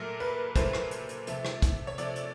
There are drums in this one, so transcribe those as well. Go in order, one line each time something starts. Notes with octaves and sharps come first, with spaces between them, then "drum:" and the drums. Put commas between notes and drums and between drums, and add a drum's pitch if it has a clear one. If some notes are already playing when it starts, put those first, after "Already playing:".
Already playing: A#2 F#3 A3 A#4
B4
A#2 F#3 A3 C5, drum: kick, hi-hat
drum: rim click
drum: hi-hat
drum: hi-hat
C3 F3 A3, drum: hi-hat
drum: rim click
drum: kick, hi-hat
C#5
C3 F3 A3 D5, drum: hi-hat
drum: hi-hat